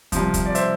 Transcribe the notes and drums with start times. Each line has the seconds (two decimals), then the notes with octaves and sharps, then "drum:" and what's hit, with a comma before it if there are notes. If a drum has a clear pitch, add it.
0.12 C2 C3 F3, drum: kick, hi-hat
0.34 drum: kick, hi-hat
0.45 D5
0.55 C5 E5, drum: hi-hat